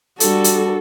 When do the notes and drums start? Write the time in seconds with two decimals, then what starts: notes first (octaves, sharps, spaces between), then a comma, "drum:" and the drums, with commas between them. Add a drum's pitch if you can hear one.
0.20 G3 D4 F#4 A4, drum: hi-hat
0.44 drum: hi-hat